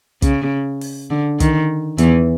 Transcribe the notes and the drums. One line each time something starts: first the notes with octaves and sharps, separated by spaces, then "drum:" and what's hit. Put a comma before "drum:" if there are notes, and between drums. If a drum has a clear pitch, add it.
C#3, drum: kick, hi-hat
drum: open hi-hat
D3
D#3, drum: kick, hi-hat
E2 E3, drum: hi-hat